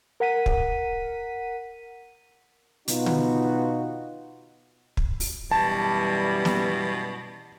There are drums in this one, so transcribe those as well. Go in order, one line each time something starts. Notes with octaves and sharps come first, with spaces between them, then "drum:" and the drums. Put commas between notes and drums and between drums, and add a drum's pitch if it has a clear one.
A#4 F#5 B6 D#7
drum: kick
B2 B3 D#4 F4 F#4, drum: hi-hat
drum: tom D3
drum: kick
drum: open hi-hat
F#2 B2 E3 G3 A5
drum: snare